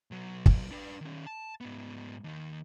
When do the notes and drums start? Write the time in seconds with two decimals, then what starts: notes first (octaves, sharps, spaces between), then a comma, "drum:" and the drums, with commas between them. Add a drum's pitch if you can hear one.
0.11 B1 F#3
0.46 drum: kick
0.71 D4 B4
1.01 D#3 C#4
1.27 A5
1.61 G#2 B3
2.24 D#2 D#3